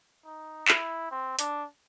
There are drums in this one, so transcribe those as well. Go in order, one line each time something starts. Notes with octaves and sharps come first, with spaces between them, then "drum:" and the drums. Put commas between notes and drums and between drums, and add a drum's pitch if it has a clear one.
D#4
E4, drum: clap
C4
D4, drum: hi-hat